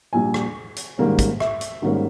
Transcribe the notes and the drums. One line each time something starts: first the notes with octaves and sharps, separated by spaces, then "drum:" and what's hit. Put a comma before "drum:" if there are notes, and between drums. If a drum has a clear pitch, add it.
A#1 A#2 G3 G#5
drum: rim click
drum: hi-hat
G#2 D#3 G3 A#3 C#4
drum: kick, hi-hat
E5, drum: rim click
drum: hi-hat
G#1 G#2 G3 A#3 C#4